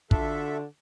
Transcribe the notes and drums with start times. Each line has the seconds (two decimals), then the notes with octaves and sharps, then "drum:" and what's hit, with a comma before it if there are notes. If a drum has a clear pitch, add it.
0.11 D3 D4 F4 F#4 A4 E5, drum: kick